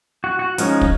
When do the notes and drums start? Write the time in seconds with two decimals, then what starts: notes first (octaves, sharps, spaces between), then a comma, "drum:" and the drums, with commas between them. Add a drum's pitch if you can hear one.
0.24 F#4
0.39 F#4
0.58 F3 G#3 C#4 D#4, drum: hi-hat
0.81 drum: kick